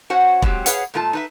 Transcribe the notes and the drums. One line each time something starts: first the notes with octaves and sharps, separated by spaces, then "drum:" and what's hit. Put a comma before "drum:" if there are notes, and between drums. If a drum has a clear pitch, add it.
C#4 F#4 C5 C#5 F#5
F#3 G#3 C4 G4, drum: kick
G#4 B4 C#5 F5 F#5, drum: hi-hat
A#2 G#3 A3 F4 A#4 A5
D#4 B4 E5